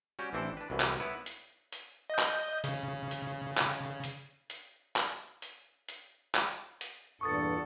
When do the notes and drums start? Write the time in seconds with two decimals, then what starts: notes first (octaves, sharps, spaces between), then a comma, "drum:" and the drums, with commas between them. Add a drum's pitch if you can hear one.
0.19 G3 C#4 F#4 G4
0.33 A1 E3 C4 D4 E4 A4
0.57 D4 B4
0.70 C2 B2 E3
0.80 drum: clap
1.00 B3 E4 B4 C#5
1.26 drum: hi-hat
1.72 drum: hi-hat
2.10 D#5 G6
2.19 drum: clap
2.64 C#3, drum: hi-hat
3.11 drum: hi-hat
3.57 drum: clap
4.04 drum: hi-hat
4.50 drum: hi-hat
4.96 drum: clap
5.42 drum: hi-hat
5.89 drum: hi-hat
6.35 drum: clap
6.81 drum: hi-hat
7.21 E2 G2 A#2 A4 F#5 C#6 D#6 A6